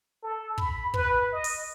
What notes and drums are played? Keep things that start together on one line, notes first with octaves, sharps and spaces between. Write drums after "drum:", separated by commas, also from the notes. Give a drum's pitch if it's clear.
A4
B5, drum: kick
B4, drum: kick
D#5
drum: open hi-hat